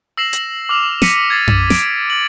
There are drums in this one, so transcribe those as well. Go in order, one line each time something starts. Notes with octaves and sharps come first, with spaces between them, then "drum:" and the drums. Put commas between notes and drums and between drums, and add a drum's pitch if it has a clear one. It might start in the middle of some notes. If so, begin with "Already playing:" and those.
E6 A#6 C7 E7 F#7
drum: hi-hat
D6 F6 F7
A#6 B6 C#7 D#7, drum: snare
G#6 A6 C7
drum: tom F#2
D7, drum: snare
A6 F#7